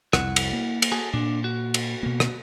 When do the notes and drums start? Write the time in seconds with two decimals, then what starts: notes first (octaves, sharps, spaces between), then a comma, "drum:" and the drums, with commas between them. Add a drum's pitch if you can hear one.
0.13 C2 F2 E4 F#5, drum: rim click
0.36 drum: cymbal
0.53 A#3
0.82 drum: cymbal
0.92 F#4 G#4 A4
1.13 A#2 D4
1.44 F#4
1.74 drum: cymbal
2.03 B2 A#3
2.20 drum: rim click